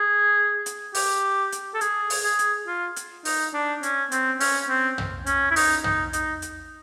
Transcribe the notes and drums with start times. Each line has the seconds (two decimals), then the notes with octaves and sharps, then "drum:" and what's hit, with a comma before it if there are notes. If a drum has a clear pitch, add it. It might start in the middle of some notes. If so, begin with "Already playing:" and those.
Already playing: G#4
0.66 drum: hi-hat
0.95 G4, drum: open hi-hat
1.52 drum: hi-hat
1.74 A4
1.81 G#4, drum: hi-hat
2.10 drum: open hi-hat
2.24 G#4
2.39 drum: hi-hat
2.67 F4
2.96 drum: hi-hat
3.25 D#4, drum: open hi-hat
3.54 D4
3.83 C#4, drum: hi-hat
4.12 C4, drum: hi-hat
4.40 C#4, drum: open hi-hat
4.69 C4
4.98 drum: tom
5.26 C#4, drum: hi-hat
5.51 E4
5.56 D#4, drum: open hi-hat
5.84 D#4, drum: tom
6.13 D#4, drum: hi-hat
6.42 drum: hi-hat